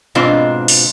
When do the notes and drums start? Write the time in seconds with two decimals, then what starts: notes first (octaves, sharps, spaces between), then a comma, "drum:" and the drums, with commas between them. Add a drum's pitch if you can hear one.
0.15 G#2 B2 C4 D4 F4
0.68 drum: open hi-hat